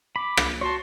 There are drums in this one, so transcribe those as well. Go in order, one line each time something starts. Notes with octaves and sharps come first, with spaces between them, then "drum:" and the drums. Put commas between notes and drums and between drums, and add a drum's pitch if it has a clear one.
B5 D6
drum: rim click
F#4 C#5 A5 C6